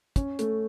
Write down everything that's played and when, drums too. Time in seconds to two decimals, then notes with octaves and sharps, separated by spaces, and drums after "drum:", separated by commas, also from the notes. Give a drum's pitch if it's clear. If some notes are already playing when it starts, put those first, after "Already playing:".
0.16 C#4, drum: kick, hi-hat
0.39 A3, drum: hi-hat